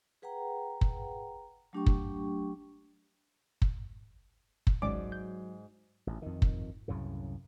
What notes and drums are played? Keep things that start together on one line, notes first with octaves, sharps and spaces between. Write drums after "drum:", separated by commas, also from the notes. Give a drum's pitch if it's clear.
G#4 B4 F#5 G5 A#5
drum: kick
F#3 A3 D4 G4 G5 C#6
drum: kick
drum: kick
drum: kick
G#1 C#2 G#2 F#3 C#4 D5 D6
G6
A1
F2 D#3
drum: kick
C2 F#2 A2 C#3